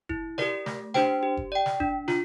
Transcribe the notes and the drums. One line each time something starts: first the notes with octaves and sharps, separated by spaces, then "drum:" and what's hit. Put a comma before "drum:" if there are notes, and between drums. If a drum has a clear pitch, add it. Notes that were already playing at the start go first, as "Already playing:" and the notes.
E4, drum: kick F#1
G4 A#4 D5, drum: snare
A3, drum: snare
D4 G4 C5 G5, drum: snare
G4
drum: kick F#1
D5 G5
drum: snare
D4, drum: kick F#1
F4, drum: snare